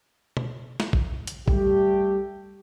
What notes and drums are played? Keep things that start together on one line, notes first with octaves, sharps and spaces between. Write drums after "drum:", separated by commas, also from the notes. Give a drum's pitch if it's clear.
drum: tom B2
drum: snare
drum: kick A#1
drum: hi-hat
G3 A3 G4, drum: kick A#1